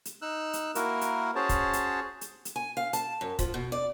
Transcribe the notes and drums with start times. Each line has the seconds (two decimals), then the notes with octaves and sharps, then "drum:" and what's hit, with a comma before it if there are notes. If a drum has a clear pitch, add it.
0.05 drum: hi-hat
0.22 D#4 E6 F#6
0.53 drum: hi-hat
0.75 A#3 E4 F#4 A#4, drum: hi-hat
1.01 drum: hi-hat
1.35 C#4 F#4 G#4 C5 C#5 A5
1.49 drum: kick, hi-hat
1.73 drum: hi-hat
2.21 drum: hi-hat
2.45 drum: hi-hat
2.56 G#5
2.77 F5
2.93 A5, drum: hi-hat
3.21 F#2
3.39 F3, drum: kick, hi-hat
3.54 B2
3.72 D5